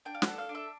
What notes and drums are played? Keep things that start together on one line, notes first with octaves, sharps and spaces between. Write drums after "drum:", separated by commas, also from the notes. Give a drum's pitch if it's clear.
D4 G5
F5
F#5, drum: snare
A4
F5
D4
E5